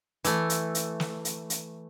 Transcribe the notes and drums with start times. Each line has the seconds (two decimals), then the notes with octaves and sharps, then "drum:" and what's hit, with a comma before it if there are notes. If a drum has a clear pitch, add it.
0.24 E3 A3, drum: hi-hat
0.50 drum: hi-hat
0.75 drum: hi-hat
1.00 drum: snare
1.25 drum: hi-hat
1.50 drum: hi-hat